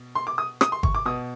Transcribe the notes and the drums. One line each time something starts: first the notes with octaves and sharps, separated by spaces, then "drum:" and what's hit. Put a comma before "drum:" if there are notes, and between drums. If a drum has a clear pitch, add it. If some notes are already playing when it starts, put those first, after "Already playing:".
Already playing: B2
C6
D6
D#6
D#6, drum: rim click
C6
C#6, drum: kick
D6
B2 D#6